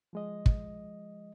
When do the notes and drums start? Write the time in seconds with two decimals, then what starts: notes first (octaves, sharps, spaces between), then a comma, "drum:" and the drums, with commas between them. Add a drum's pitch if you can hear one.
0.13 F3 G#3 D#5
0.46 drum: kick